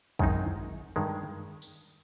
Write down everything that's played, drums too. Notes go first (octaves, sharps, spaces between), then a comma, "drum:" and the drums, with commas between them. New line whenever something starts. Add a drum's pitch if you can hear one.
F#2 D#3 G#3 C4 D#4, drum: kick
G2 D#3 G#3
drum: tambourine